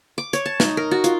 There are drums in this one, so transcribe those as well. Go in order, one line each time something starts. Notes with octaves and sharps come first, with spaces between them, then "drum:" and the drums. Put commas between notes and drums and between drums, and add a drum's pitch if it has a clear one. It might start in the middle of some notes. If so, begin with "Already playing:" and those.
D6
C#5, drum: hi-hat
A5
D#4, drum: snare
A#4
F#4
F4, drum: hi-hat